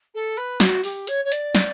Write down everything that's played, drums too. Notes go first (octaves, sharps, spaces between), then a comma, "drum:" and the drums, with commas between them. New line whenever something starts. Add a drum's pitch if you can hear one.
A4
B4
F#4, drum: snare
G4, drum: open hi-hat
C#5, drum: hi-hat
C#5
D5, drum: hi-hat
drum: snare